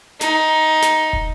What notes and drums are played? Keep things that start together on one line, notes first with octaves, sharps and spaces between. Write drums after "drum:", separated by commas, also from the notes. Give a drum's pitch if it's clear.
D#4, drum: snare
drum: snare
drum: kick